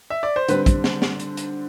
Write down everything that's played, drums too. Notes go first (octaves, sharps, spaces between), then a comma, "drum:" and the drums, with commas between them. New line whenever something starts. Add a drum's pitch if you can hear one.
E5
D5
C5
D3 G3 C4 B4, drum: hi-hat
drum: kick, hi-hat
drum: snare
drum: snare
drum: hi-hat
drum: hi-hat